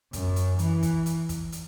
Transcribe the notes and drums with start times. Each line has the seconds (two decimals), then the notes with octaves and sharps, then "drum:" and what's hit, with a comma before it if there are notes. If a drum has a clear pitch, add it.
0.13 F#2, drum: kick, hi-hat
0.36 drum: hi-hat
0.59 E3, drum: hi-hat
0.83 drum: kick, hi-hat
1.06 drum: hi-hat
1.29 drum: kick, hi-hat
1.52 drum: hi-hat